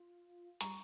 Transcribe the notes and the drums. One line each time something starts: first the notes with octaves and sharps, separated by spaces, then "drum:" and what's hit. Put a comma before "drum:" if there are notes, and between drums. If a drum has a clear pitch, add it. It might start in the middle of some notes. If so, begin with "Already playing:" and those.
Already playing: F4
G3 A#5 C#6, drum: hi-hat